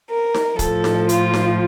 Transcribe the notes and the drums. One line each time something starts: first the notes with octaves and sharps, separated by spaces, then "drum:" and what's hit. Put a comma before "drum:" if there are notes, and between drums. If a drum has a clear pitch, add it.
A#4
drum: snare D#4
A2 F3 A4, drum: kick, hi-hat
drum: snare D#4
F4, drum: hi-hat
drum: snare D#4